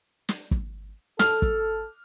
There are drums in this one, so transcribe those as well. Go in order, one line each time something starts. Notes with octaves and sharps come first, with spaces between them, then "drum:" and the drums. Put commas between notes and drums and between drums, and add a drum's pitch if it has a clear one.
drum: snare
drum: kick
A4 F6, drum: snare
drum: kick